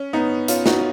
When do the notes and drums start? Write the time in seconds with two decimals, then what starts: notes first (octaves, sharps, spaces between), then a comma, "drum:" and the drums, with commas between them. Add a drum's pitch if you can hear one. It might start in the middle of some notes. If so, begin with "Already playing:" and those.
Already playing: C#4
0.13 B3 D#4
0.48 C#4 F4, drum: hi-hat
0.66 D#4 F#4, drum: snare